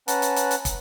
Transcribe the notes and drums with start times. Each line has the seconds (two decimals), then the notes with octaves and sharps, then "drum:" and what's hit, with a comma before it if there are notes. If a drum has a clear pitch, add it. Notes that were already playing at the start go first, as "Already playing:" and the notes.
0.08 C#4 B4 F#5 A5 A#5, drum: hi-hat
0.22 drum: hi-hat
0.36 drum: hi-hat
0.51 drum: hi-hat
0.65 drum: kick, hi-hat